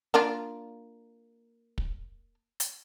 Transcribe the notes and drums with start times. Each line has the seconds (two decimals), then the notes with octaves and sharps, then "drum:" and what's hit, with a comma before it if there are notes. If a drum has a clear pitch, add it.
0.14 A#3 D4 F4
1.78 drum: kick
2.60 drum: hi-hat